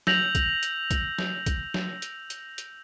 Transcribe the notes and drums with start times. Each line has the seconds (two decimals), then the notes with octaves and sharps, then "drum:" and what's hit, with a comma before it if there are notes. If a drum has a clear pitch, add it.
0.07 E6 G6 A#6 F7 F#7, drum: snare
0.35 drum: kick, hi-hat
0.63 drum: hi-hat
0.91 drum: kick, hi-hat
1.19 drum: snare
1.46 drum: kick, hi-hat
1.74 drum: snare
2.02 drum: hi-hat
2.30 drum: hi-hat
2.58 drum: hi-hat